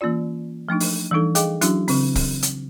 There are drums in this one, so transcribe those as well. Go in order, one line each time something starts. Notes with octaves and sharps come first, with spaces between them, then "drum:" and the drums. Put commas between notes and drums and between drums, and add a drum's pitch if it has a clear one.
E3 A#3 C#4 F4 D5
F3 A3 D4 D#4
drum: open hi-hat
E3 G3 D4 D#4 A4
G#4 D#5 F5 G5 D6, drum: hi-hat
F#3 C#4 D4 E4 F#4, drum: hi-hat
C#3 C4, drum: open hi-hat
drum: kick, open hi-hat
drum: hi-hat